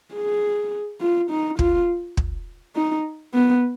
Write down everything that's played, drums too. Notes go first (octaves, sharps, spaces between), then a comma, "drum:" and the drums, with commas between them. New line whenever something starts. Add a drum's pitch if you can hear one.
G#4
F4
D#4
F4, drum: kick
drum: kick
D#4
B3